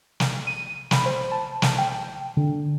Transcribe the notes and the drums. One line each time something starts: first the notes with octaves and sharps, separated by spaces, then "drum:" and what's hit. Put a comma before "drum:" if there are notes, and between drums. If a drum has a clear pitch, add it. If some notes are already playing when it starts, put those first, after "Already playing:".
drum: snare
D#7
B5, drum: snare
C5
A5
drum: snare
G5
D3